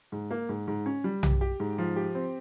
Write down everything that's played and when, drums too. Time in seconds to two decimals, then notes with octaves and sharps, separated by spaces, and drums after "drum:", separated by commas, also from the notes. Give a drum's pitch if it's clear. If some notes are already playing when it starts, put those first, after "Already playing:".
0.12 G#2
0.31 A#3
0.49 G#2
0.68 G#2
0.86 C#4
1.04 G3
1.23 G4, drum: tom B1
1.41 G4
1.60 G#2
1.78 F3
1.96 G4
2.15 C4